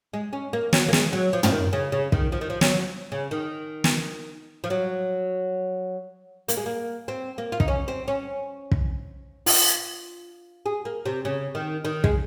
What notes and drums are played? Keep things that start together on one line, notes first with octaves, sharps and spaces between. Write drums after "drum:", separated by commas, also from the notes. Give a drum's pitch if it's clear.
G#3
C#4
A#3
F#3, drum: snare
A#3
G#3, drum: snare
F#3
F3
F3, drum: tom
D#3
C#3
C#3
D#3, drum: kick
F3
D#3
F3
F#3, drum: snare
C#3
D#3
drum: snare
F3
F#3
A#3, drum: hi-hat
G#3
A#3
C4
A#3
F4
D#4, drum: kick
C#4
C4
C#4
drum: kick
F4, drum: open hi-hat
G#4
A#3
C3
C#3
D#3
D#3
G#3, drum: kick